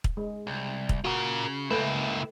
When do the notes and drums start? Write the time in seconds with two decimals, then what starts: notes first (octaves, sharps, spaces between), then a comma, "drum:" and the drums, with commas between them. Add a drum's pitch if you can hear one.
0.04 drum: kick
0.17 G#3
0.47 C2
0.89 drum: kick
1.05 C#3 F4 F#4 A#4
1.71 C#2 A3 A#3 E4 B4